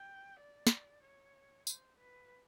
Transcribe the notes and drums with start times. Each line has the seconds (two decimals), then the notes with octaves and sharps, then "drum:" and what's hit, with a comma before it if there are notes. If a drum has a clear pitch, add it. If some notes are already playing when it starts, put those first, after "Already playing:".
Already playing: G5
0.41 D5
0.67 drum: snare
1.04 C#5
1.67 C5, drum: tambourine
1.99 B4